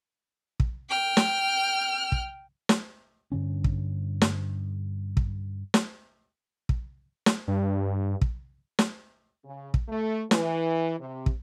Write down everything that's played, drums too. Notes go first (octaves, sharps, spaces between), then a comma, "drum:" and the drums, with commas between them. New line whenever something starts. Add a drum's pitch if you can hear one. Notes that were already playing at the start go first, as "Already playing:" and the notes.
drum: kick
G5 F6
drum: snare
drum: kick
drum: snare
G2 D3 C#4
drum: kick
drum: snare
drum: kick
drum: snare
drum: kick
drum: snare
G2
drum: kick
drum: snare
C#3
drum: kick
A3
E3, drum: snare
C3
drum: kick